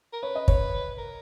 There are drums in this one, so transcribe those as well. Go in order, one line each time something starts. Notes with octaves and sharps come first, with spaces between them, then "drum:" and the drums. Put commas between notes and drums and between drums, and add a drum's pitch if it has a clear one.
A#4
B4 C#5
D#5
C#5, drum: kick
A#4